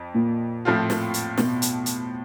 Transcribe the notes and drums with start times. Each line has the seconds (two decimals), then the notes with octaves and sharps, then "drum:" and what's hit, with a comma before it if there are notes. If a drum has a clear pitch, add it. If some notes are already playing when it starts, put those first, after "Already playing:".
Already playing: F2
0.14 A#2
0.65 A2 F3 A3 C4 F4
0.90 drum: snare
1.14 drum: hi-hat
1.37 B2, drum: snare
1.62 drum: hi-hat
1.86 drum: hi-hat